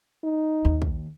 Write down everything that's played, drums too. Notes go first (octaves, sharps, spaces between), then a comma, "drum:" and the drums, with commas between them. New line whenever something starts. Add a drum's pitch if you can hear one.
D#4
D#2
drum: kick